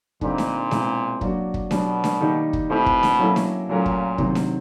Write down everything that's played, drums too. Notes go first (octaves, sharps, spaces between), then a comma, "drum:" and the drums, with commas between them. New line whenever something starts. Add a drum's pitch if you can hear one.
A#2 D3 G3 C4 D#4 G4, drum: kick
drum: snare D4
B2 G#3 C4 E4 G#4, drum: snare D4
F#3 A#3 D4 F#4, drum: kick
drum: kick
B2 F#3 B3 D4 G4, drum: snare D4
drum: snare D4
D#3 G3 A#3 D#4 G4
drum: kick
B2 A3 C4 E4 G4 C5
drum: kick
drum: snare D4
F#3 A#3 C#4 E4 A4
drum: snare D4
A#2 F#3 A3 C#4 F4 A#4
drum: kick
C3 D#3 F#3, drum: kick
drum: snare D4